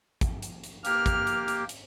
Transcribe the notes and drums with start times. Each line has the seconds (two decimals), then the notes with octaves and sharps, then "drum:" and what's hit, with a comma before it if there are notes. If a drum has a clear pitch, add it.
0.21 drum: kick, hi-hat
0.42 drum: hi-hat
0.64 drum: hi-hat
0.85 A#3 G4 F6, drum: hi-hat
1.06 drum: kick, hi-hat
1.27 drum: hi-hat
1.48 drum: hi-hat
1.69 drum: hi-hat